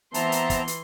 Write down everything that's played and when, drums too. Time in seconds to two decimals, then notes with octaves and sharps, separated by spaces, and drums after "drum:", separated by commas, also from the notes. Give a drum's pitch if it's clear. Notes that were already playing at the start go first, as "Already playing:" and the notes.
0.14 E3 B3 C4 E5 A5 A#5 C6, drum: hi-hat
0.32 drum: hi-hat
0.50 drum: kick, hi-hat
0.68 drum: hi-hat